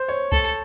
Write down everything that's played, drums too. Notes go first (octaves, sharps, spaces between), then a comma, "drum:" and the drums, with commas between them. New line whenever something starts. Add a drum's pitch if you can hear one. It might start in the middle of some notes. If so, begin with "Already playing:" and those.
Already playing: C5
C#5
A4, drum: kick C2